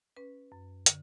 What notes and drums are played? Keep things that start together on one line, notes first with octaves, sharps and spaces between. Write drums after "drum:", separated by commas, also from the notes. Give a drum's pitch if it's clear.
C#4 B4
F#2
D3, drum: hi-hat